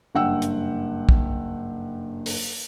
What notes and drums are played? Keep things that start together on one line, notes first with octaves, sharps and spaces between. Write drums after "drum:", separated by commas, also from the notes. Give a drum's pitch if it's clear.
F#1 G2 F#5 G5 E6
drum: hi-hat
drum: kick
drum: open hi-hat